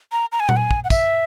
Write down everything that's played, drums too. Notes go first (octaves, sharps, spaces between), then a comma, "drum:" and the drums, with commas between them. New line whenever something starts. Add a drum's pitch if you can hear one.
A#5
A#5
G#5
F#5, drum: tom A#2
G#5
drum: kick
F#5
E5, drum: kick, tambourine